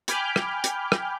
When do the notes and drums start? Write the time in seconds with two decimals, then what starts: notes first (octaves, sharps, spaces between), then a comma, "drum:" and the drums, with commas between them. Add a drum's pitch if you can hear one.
0.08 G5 G#5 B5 D6 F6 G6, drum: hi-hat
0.36 drum: rim click
0.64 drum: hi-hat
0.92 drum: rim click